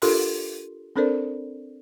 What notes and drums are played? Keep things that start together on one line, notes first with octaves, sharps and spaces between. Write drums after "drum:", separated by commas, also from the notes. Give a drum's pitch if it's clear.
D4 F4 G4 A4 A#4 C6, drum: open hi-hat
C4 D4 A4 A#4 C5 D5